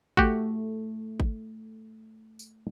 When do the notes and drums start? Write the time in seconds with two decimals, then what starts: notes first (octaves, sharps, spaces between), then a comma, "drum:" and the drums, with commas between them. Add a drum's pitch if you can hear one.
0.17 A3 F#4 G4, drum: kick G#1
1.20 drum: kick G#1
2.39 drum: tambourine